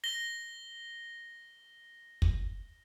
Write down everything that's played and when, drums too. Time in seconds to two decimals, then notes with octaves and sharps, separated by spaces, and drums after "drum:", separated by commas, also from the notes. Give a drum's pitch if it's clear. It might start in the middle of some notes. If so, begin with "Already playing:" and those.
0.04 A#6 G7
2.22 drum: kick